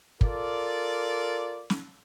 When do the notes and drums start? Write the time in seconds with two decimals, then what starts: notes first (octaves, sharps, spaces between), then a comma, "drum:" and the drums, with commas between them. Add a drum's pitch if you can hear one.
0.21 F4 A4 A#4 D5, drum: kick
1.70 drum: snare